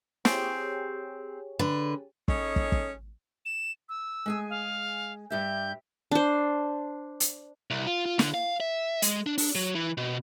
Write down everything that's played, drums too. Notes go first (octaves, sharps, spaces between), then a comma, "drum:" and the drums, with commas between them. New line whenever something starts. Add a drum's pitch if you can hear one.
C4 G4 G#4 C#5, drum: snare
D3 B4
C#4 D#4 G#4 A4 C#5, drum: kick
drum: kick
drum: kick
E7
E6
G#3 G#4 G#5
F5
G2 G4 E5 G6
D4 C5
drum: hi-hat
C2
F4
F4
D3, drum: snare
F5
E5
G#3, drum: hi-hat
D4
D4, drum: open hi-hat
F#3
E3
B2